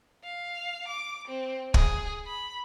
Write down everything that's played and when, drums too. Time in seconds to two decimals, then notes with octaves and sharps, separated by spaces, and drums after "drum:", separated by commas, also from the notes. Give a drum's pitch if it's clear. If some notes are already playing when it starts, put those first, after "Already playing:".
0.24 F5
0.88 D6
1.28 C4
1.74 G#4, drum: kick
2.27 B5